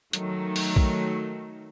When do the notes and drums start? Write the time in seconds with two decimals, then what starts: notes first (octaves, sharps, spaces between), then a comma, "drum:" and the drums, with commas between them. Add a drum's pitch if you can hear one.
0.13 D#3 F#3 A3, drum: hi-hat
0.56 drum: open hi-hat
0.76 drum: kick A#1